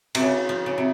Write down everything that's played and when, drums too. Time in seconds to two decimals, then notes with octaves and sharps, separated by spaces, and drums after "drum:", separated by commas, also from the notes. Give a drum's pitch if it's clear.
0.15 C3, drum: cymbal
0.21 C#3
0.49 F3
0.66 C#3
0.78 C3